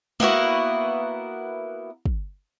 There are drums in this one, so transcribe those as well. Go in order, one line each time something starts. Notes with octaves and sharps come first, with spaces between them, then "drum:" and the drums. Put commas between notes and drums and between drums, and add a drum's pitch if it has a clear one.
A#3 B3 E4 F#4, drum: tom G#3
drum: kick